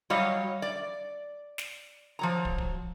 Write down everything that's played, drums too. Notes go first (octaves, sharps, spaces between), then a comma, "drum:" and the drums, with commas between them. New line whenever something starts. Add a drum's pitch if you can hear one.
F#3 G3 C#5 D#5 F5
D5
drum: snare
F3 F#3 A#5
drum: kick
drum: kick